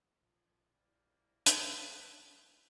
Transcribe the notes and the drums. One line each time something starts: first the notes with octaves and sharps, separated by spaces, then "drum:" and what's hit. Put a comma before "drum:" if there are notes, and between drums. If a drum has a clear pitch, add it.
A#1 F3 D5 G#6
G3 A#3 E4 C5
drum: hi-hat
D#3 G3 C#4